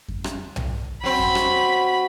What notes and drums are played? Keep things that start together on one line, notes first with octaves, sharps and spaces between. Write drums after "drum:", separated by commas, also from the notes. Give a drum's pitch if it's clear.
drum: kick F2
drum: rim click
drum: tom B1
F#3 C4 B5
drum: kick F2
drum: rim click